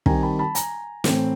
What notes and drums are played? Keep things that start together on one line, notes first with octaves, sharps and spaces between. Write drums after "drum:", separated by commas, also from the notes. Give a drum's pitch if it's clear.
D#3 G3 C4 G#5 A#5, drum: kick
A5 B5
A5 B5
G#5 A#5, drum: hi-hat
A2 E3 A3 C4, drum: snare